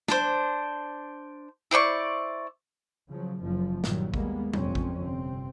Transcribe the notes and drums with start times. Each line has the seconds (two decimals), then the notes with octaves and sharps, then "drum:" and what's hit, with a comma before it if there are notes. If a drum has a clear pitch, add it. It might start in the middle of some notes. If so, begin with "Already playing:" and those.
0.08 D4 C5, drum: snare
1.71 E4 C5 D5 C#6
3.08 C#3 F3 F#3
3.41 F#1 F#2 F3
3.84 G2 A#2 D#3 F#3 G3, drum: snare
4.14 D#2 G3 G#3 A#3 B3, drum: kick A1
4.53 F1 F2 A#2 F3 C4 C#4, drum: tom F#3
4.75 drum: kick A1
5.00 G1 C3 C4